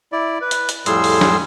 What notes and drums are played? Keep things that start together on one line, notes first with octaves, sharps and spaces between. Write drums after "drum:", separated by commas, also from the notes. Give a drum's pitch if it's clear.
E4 D5
B4
drum: hi-hat
drum: hi-hat
F2 A2 G3 G#4 C6 E6, drum: hi-hat
drum: open hi-hat
drum: snare